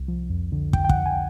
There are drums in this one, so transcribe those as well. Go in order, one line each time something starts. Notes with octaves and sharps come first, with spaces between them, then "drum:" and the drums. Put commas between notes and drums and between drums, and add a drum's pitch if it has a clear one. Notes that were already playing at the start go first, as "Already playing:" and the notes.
Already playing: C2
F3
F2
D3
F2 G5, drum: kick
G5
F#5, drum: kick
F2
G#5